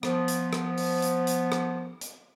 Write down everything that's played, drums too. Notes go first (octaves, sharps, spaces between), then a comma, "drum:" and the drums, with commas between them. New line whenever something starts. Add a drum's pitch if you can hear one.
F3 B3, drum: rim click
drum: hi-hat
drum: rim click
drum: open hi-hat
drum: hi-hat
drum: hi-hat
drum: rim click
drum: hi-hat